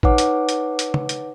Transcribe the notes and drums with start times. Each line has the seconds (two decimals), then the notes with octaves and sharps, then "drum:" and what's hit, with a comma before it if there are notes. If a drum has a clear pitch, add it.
0.03 D#4 B4 C#5 F#5 D6, drum: kick
0.18 drum: hi-hat
0.49 drum: hi-hat
0.79 drum: hi-hat
0.94 drum: tom
1.09 drum: hi-hat